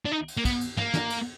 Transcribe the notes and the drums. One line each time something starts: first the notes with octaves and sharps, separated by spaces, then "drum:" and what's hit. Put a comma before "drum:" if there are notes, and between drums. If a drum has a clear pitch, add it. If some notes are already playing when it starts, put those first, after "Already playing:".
D4
D#4
drum: cymbal
A#3
B3, drum: kick, cymbal
drum: cymbal
A#3, drum: tom
drum: snare
drum: cymbal